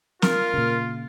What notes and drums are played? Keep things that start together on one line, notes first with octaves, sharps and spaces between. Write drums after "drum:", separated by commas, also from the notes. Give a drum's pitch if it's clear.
F4 A#4, drum: snare
A#2 C#3